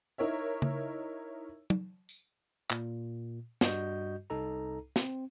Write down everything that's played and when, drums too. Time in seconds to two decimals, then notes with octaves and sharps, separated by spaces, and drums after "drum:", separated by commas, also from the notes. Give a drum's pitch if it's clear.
0.18 D#4 E4 A#4 C#5 E5
0.62 drum: tom C#3
1.70 drum: tom
2.09 drum: tambourine
2.70 A#2, drum: clap
3.61 G2 G3 F#4 D#5 G6, drum: snare
4.30 C2 D#4 A4 A#5
4.96 C4, drum: snare